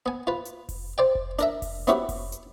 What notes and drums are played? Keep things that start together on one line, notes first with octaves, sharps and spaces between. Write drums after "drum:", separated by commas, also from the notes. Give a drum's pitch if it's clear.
B3 G#5
F4 B4
drum: hi-hat
drum: kick F1, open hi-hat
C5 D5 G5
drum: kick F1
D4 A#4 E5, drum: hi-hat
drum: kick F1, open hi-hat
B3 C#4 E4 F#4 G4 B4, drum: hi-hat
drum: kick F1, open hi-hat
drum: hi-hat